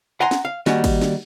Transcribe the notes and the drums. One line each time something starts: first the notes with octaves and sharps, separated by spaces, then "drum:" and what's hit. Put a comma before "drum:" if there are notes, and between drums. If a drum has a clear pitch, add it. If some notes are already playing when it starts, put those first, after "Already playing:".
F#5 G#5 A#5 C6
drum: snare
F5
D#3 G3 A#3 F#4 G#5, drum: snare
drum: kick, cymbal
drum: snare